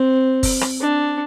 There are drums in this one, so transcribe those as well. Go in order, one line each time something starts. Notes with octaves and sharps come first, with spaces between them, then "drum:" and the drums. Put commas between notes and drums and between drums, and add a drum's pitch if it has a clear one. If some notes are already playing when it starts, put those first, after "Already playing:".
Already playing: C4
drum: kick F#1, open hi-hat
drum: rim click
D4